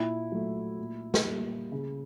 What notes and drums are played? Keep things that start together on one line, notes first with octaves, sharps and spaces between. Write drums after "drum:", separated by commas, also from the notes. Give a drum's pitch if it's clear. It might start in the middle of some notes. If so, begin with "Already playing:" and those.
Already playing: A#2 E4
F#3 A3
A#2
drum: snare
G3 A#3
C#3